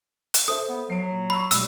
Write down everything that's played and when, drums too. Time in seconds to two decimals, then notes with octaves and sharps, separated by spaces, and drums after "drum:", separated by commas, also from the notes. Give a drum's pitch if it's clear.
0.34 drum: hi-hat
0.48 A4 C5 E5 D#6
0.69 B3
0.90 F#3 C7 D7
1.10 A#2
1.30 B5 C#6 E6 C7
1.51 B1 G3 E6, drum: hi-hat